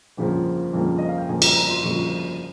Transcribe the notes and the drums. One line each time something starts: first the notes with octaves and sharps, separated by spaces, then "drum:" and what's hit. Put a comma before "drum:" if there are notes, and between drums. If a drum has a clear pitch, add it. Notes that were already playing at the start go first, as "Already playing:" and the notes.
G1 F2 C#3 F3 A#3
G1 F2 C#3 F3 A#3
D#5
F5
G5
G1 F2 C#3 F3 A#3 G#5
A#5, drum: cymbal
A#5
C6
G1 F2 C#3 F3 A#3 C#6